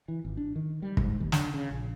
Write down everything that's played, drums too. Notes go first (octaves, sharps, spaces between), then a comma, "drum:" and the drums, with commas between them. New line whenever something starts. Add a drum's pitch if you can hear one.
E3
G#1
D4
D#3
G3
G#2, drum: kick
D#2
D3, drum: snare
C#3
A#1